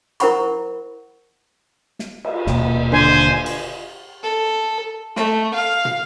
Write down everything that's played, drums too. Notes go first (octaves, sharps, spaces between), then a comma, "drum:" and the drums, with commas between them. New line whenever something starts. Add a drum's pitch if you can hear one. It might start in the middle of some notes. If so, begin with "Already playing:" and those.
E4 A#4 C5 F#5 B5 C#6, drum: hi-hat
drum: snare
drum: cymbal
D#1 B2 A#3, drum: snare
D3 C5 G#5
drum: cymbal
A4
A3, drum: snare
F5
drum: tom